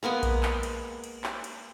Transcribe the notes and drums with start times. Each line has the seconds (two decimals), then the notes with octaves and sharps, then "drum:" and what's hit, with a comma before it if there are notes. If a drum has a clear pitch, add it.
0.03 G#3 A#3 B3 G#5
0.23 drum: kick A#1, cymbal
0.43 drum: clap
0.63 drum: cymbal
1.04 drum: cymbal
1.24 drum: clap
1.44 drum: cymbal